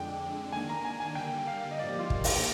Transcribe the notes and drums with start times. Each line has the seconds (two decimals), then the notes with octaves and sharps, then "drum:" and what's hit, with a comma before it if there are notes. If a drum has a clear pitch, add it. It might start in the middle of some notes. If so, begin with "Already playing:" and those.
Already playing: F2 D3 G#3 D4 G5
0.52 D#3 A#3 D4 G#5
0.69 A#5
0.85 G#5
1.00 G#5
1.15 D3 G3 A#3 G5
1.47 F5
1.71 D#5
1.79 G#2 F3 A#3 D5
1.89 G4
1.99 F4
2.10 drum: kick
2.24 drum: open hi-hat